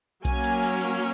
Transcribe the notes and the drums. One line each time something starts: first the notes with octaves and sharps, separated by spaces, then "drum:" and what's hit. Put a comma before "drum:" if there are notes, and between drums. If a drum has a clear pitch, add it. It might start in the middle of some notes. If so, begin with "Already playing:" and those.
F#3 A#3 C#4 G#5, drum: kick B1, hi-hat
drum: hi-hat
drum: open hi-hat
drum: hi-hat